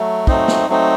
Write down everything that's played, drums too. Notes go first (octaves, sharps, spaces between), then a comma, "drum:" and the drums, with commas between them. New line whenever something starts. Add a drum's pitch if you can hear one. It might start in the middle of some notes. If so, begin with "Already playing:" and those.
Already playing: F#3 A3
F#3 A3 C4 D#4, drum: kick
drum: snare
F#3 A3 C4 D#4